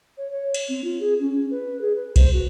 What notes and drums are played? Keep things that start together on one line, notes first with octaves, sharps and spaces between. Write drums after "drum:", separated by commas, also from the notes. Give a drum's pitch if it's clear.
C#5
C#5
drum: cymbal
C4
F4
G#4
C#4
C#4
B4
G#4
B4
C5, drum: kick B1, cymbal
F#4